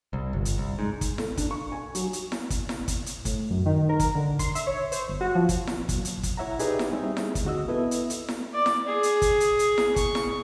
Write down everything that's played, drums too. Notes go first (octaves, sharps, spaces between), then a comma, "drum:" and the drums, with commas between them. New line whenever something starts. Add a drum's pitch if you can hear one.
C2
G1
drum: hi-hat
C2
G#2
drum: kick, hi-hat
A4, drum: snare E4
D4, drum: kick, hi-hat
C#6
G#5
F#3, drum: hi-hat
drum: hi-hat
drum: snare E4
drum: kick, hi-hat
drum: snare E4
drum: kick, hi-hat
drum: hi-hat
A2, drum: kick, hi-hat
F#2
D#3
A#4
drum: kick, hi-hat
D3
C6, drum: kick, hi-hat
E5, drum: hi-hat
C#5
C5, drum: hi-hat
G1
F#4
F3
drum: kick, hi-hat
drum: snare E4
A#2 F#3, drum: kick, hi-hat
drum: hi-hat
drum: kick, hi-hat
E4 C#5 E5 F#5 A#5
D#4 G4 G#4 B4 D5 E5, drum: hi-hat
drum: snare E4
G3 C4 D#4 G#4 E5
drum: snare E4
drum: kick, hi-hat
D2 F#4 D#5 E6
B3 E4 A4 B4 D#5 E5
drum: hi-hat
drum: hi-hat
drum: snare E4
D5
drum: snare E4
G#4
drum: hi-hat
drum: kick, hi-hat
drum: hi-hat
drum: hi-hat
drum: snare E4
C#6, drum: kick, hi-hat
drum: snare E4